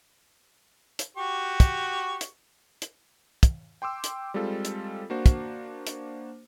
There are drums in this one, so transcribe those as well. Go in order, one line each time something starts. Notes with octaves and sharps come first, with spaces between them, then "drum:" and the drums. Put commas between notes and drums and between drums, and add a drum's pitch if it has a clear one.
drum: hi-hat
F#4 G4 C#6
drum: kick, hi-hat
drum: hi-hat
drum: hi-hat
drum: kick, hi-hat
G5 C6 D6 E6
drum: hi-hat
G3 G#3 C4 F4 A4
drum: hi-hat
A#3 D4 F#4 C5
drum: kick, hi-hat
drum: hi-hat